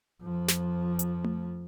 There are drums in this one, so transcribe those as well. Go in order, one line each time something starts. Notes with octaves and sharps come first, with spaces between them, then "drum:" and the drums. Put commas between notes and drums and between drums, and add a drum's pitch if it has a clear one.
F2 F3
drum: snare
drum: hi-hat
drum: tom A3